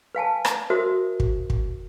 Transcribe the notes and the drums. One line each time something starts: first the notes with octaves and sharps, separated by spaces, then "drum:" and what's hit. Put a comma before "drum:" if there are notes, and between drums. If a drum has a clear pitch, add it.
B4 F5 G#5 A5
drum: rim click
F#4 A#4 C5 E5 D#6
drum: kick
drum: kick